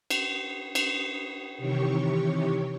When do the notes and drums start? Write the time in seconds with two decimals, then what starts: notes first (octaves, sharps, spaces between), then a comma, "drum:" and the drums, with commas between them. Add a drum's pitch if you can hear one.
0.10 drum: cymbal
0.75 drum: cymbal
1.58 C3 D#3 E3 G4 C#5 C#6